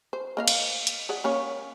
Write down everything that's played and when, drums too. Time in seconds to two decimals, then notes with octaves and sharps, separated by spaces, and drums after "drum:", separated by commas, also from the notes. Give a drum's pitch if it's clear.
0.13 C5
0.37 A#3 D#5 F5
0.48 drum: cymbal
0.87 drum: hi-hat
1.09 G#4 D5 F#5
1.24 A#3 C#4 C#5